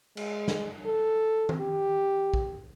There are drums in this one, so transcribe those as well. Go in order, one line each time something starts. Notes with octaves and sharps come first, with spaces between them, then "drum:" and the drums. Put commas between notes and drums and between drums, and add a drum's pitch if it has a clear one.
G#3, drum: cymbal
drum: snare
A4
drum: tom D#3
G4
drum: kick